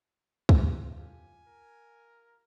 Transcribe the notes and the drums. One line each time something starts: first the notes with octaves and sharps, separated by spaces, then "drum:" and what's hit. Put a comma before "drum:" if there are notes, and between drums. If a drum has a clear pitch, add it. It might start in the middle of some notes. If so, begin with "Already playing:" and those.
drum: kick
F4 G4 A4 G#5
A#4